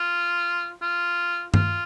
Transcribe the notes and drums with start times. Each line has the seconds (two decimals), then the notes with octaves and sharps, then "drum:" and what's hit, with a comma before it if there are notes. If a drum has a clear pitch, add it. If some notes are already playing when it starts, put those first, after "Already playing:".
Already playing: F4
0.82 F4
1.54 F4, drum: tom G2